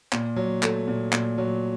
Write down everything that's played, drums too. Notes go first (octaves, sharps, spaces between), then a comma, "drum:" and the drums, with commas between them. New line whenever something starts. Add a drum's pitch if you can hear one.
A#2, drum: clap
F#3
A3, drum: clap
A#2
A#2, drum: clap
F#3